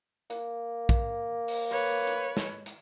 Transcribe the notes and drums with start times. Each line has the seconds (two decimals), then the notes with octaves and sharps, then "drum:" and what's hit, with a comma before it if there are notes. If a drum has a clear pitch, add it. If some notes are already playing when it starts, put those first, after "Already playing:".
0.30 A#3, drum: hi-hat
0.89 drum: kick, hi-hat
1.48 drum: open hi-hat
1.71 B4 C#5
2.07 drum: hi-hat
2.37 drum: snare
2.66 drum: hi-hat